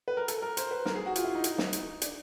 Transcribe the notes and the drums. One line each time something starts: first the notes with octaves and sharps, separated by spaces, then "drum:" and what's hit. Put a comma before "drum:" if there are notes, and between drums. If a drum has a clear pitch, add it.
B4
A#4
A4, drum: hi-hat
A#4
C5, drum: hi-hat
B4
A#4, drum: snare
G#4
F#4
F4, drum: hi-hat
E4
D#4
drum: hi-hat
drum: snare
drum: hi-hat
D4, drum: hi-hat